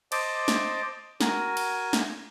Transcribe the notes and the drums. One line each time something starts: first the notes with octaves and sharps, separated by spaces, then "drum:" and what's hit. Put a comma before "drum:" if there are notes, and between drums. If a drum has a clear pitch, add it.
C5 D#5 A5 D6, drum: cymbal
drum: snare
F#4 A#4 G#5, drum: snare
drum: cymbal
drum: snare